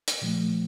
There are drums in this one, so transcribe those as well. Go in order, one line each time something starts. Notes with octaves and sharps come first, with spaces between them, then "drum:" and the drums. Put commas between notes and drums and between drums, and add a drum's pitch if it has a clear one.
drum: hi-hat
A#2 F3 A3